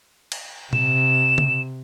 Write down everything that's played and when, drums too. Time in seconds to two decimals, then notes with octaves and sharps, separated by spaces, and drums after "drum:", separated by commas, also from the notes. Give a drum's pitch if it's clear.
0.32 drum: cymbal
0.73 C3 E7, drum: tom A#2
1.38 drum: tom C#3